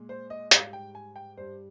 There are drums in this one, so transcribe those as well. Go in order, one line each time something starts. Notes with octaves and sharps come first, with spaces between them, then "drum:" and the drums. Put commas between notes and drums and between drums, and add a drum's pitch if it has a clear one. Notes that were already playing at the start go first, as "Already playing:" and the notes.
Already playing: A#2 G#3
C5
D#5
G#2 G3 F5, drum: hi-hat
G5
G#5
G5
G2 G3 C5